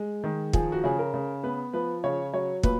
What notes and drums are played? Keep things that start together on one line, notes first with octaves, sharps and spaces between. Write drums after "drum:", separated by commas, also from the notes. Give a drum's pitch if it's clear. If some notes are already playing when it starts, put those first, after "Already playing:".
Already playing: G#3
D#3
F3 G#4, drum: kick
F#4
C#3 G#4
A#4
C#3
B3 B4
F3 B4
C#3 C#5
F#3 C#5
A#2 B4, drum: kick